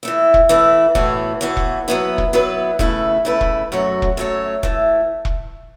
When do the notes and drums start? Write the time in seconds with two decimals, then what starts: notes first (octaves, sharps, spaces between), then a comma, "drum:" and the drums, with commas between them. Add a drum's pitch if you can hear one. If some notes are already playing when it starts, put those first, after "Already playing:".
0.03 E3 A3 E4
0.34 drum: kick E1
0.49 E3 A3 E4
0.95 A2 E3 B3 F#4, drum: kick E1
1.41 A2 E3 B3 F#4
1.57 drum: kick E1
1.88 F#3 B3 E4 B4
2.18 drum: kick E1
2.33 F#3 B3 E4 B4
2.79 C#3 A3 E4 B4, drum: kick E1
3.25 C#3 A3 E4 B4
3.41 drum: kick E1
3.72 F#2 F#3 A3 F#4 C#5
4.02 drum: kick E1
4.17 F#2 F#3 A3 F#4 C#5
4.63 E3 A3, drum: kick E1
5.25 drum: kick E1